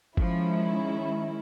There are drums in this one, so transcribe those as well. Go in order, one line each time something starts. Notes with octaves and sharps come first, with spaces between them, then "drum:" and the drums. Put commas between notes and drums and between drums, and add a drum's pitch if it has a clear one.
D#3 F3 G#3 C#4 E4, drum: kick G1